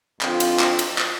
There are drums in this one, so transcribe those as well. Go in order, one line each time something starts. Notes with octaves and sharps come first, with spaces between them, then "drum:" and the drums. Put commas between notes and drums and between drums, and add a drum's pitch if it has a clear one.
F2 D3 F3 C4 F4, drum: clap
drum: cymbal
drum: clap
drum: cymbal
drum: clap